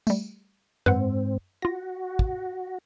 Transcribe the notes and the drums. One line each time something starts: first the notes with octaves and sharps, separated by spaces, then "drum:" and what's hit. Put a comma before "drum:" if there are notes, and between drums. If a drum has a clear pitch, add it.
G3 A3, drum: tambourine
G#2 C4 B4 C5 F#5, drum: tom F#2
F4 F#4 A#6
drum: kick